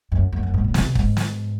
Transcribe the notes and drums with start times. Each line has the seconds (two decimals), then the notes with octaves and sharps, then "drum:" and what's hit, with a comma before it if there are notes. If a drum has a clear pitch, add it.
0.12 F#2
0.32 F#2
0.43 F#2
0.54 G#2
0.64 A#2
0.74 C3, drum: snare
0.95 G#2, drum: kick
1.17 drum: snare